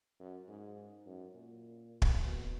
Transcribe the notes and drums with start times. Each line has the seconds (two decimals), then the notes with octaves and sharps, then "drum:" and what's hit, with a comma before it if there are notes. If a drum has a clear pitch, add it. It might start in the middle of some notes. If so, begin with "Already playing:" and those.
0.20 F#2
0.48 G#2
1.07 F#2
1.35 A#2
2.02 drum: kick
2.21 B2